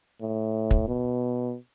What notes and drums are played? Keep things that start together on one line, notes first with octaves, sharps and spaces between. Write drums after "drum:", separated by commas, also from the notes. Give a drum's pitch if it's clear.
A2
drum: kick
B2